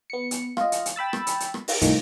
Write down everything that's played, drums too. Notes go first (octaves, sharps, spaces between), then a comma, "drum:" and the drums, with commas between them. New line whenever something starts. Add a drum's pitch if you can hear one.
B3 C#7
drum: hi-hat
F4 D#5, drum: rim click
drum: hi-hat
drum: hi-hat
G5 B5 E6 A6
drum: rim click
drum: hi-hat
drum: hi-hat
drum: rim click
drum: open hi-hat
C2 A2 D#3 F3, drum: kick, hi-hat